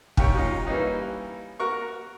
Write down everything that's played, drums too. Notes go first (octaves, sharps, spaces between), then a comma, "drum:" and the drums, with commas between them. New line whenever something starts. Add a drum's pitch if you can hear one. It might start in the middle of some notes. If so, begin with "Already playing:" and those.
D#2 G4 C#5 G5, drum: kick
F#3 C#4 D#4 F4
E3 G3 A#3 C#4 D#4
F#4 A#4 C#6